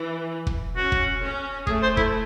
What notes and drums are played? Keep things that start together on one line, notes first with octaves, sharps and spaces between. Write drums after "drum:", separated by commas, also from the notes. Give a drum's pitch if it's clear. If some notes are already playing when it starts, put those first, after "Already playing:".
Already playing: E3
drum: kick
C#4 F#4
drum: kick
C#4
A3 G#4, drum: kick
C5
E4, drum: kick